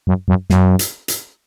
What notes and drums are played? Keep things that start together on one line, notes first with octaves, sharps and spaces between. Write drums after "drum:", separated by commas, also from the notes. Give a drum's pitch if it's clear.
F#2
F#2
F#2, drum: snare
drum: hi-hat
drum: hi-hat